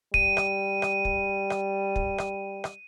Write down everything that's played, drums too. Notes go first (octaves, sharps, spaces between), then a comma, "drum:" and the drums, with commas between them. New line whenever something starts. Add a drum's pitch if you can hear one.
G3 D#7, drum: kick
drum: rim click
drum: rim click
drum: kick
drum: rim click
drum: kick
drum: rim click
drum: rim click